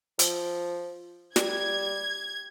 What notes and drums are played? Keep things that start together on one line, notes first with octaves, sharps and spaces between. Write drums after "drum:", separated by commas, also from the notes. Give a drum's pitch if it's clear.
F3, drum: hi-hat
G3 G#6, drum: snare